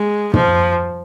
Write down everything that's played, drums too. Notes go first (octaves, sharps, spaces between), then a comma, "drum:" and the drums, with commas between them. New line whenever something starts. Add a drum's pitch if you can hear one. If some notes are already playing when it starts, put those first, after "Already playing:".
Already playing: G#3
F3, drum: tom